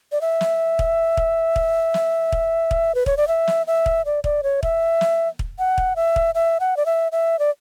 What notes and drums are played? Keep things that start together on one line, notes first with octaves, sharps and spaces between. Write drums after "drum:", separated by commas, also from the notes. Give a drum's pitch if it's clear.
D5
E5
drum: snare
drum: kick
drum: kick
drum: kick
drum: snare
drum: kick
drum: kick
B4
C#5, drum: kick
D5
E5
drum: snare
E5
drum: kick
D5
D5, drum: kick
C#5
E5, drum: kick
drum: snare
drum: kick
F#5
drum: kick
E5
drum: kick
E5
F#5
D5
E5
E5
D5